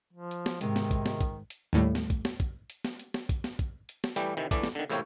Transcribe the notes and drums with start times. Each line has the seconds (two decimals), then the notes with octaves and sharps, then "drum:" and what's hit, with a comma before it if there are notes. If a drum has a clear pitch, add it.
0.13 F3
0.31 drum: hi-hat
0.46 drum: snare
0.61 G#2 C3 D#3 G#3, drum: hi-hat
0.76 drum: snare
0.91 drum: kick, hi-hat
1.06 drum: snare
1.21 drum: kick, hi-hat
1.50 drum: hi-hat
1.73 D#2 A2 G3
1.95 drum: snare
2.10 drum: kick, hi-hat
2.25 drum: snare
2.40 drum: kick, hi-hat
2.70 drum: hi-hat
2.85 drum: snare
2.99 drum: hi-hat
3.14 drum: snare
3.29 drum: kick, hi-hat
3.44 drum: snare
3.59 drum: kick, hi-hat
3.89 drum: hi-hat
4.04 drum: snare
4.16 E3 G3 A3 G4, drum: hi-hat
4.37 C3 D#3 E3
4.51 A#1 E3 A3 D5, drum: kick, hi-hat
4.63 drum: snare
4.75 D3 D#3
4.90 E2 A2 C3 A#3 C#5 G5